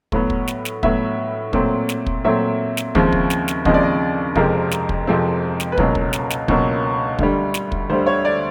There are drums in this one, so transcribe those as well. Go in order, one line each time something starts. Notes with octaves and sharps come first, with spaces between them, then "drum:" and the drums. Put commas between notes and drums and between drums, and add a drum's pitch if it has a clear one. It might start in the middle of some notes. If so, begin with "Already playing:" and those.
A2 F#3 B3, drum: kick
drum: kick
drum: snare
drum: snare
A2 F#3 B3 E5, drum: kick
A#2 F#3 A3 C4, drum: kick
drum: snare
drum: kick
A#2 F#3 A3 C4 E5
drum: snare
D#2 C#3 F3 G#3 C4, drum: kick
drum: kick
drum: snare
drum: snare
D#2 C#3 F3 G#3 C4 D#5, drum: kick
D5
D#5
F2 C3 F3 G#3 C4 A#4, drum: kick
drum: snare
drum: kick
F2 C3 F3 G#3 C4
drum: snare
B4
C#2 B2 F#3 A#3 A#4, drum: kick
drum: kick
drum: snare
drum: snare
C#2 B2 F#3 A#3, drum: kick
D2 D3 G3, drum: kick
drum: snare
drum: kick
D2 D3 G3 C5
C#5
D5